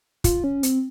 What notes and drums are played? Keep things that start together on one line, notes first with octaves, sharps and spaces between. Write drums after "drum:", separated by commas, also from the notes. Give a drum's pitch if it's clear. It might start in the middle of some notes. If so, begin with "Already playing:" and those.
F4, drum: kick, hi-hat
C#4
C4, drum: hi-hat